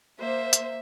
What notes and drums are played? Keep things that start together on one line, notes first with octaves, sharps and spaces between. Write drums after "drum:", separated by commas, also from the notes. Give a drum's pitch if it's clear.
A#3 C5 E5
drum: hi-hat